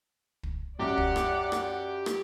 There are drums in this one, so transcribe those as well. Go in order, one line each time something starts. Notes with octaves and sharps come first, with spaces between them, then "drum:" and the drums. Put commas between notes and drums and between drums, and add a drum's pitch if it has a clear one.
drum: kick
F#2 G4 D5 F#5 D6
drum: kick
drum: rim click
drum: rim click
drum: rim click